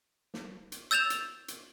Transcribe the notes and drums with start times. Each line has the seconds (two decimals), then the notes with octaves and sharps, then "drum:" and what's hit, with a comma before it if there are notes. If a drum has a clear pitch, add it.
0.34 drum: snare
0.72 drum: hi-hat
0.91 E6 G6 A6 E7 F7
1.10 drum: hi-hat
1.48 drum: hi-hat